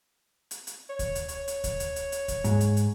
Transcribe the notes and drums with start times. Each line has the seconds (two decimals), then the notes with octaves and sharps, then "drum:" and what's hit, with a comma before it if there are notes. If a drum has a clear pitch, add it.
0.51 drum: hi-hat
0.67 drum: hi-hat
0.89 C#5
0.99 drum: kick D2, hi-hat
1.15 drum: hi-hat
1.29 C#5, drum: hi-hat
1.48 drum: hi-hat
1.64 drum: kick D2, hi-hat
1.80 drum: hi-hat
1.96 drum: hi-hat
2.12 drum: hi-hat
2.28 drum: kick D2, hi-hat
2.44 G#2, drum: hi-hat
2.61 drum: hi-hat
2.77 drum: hi-hat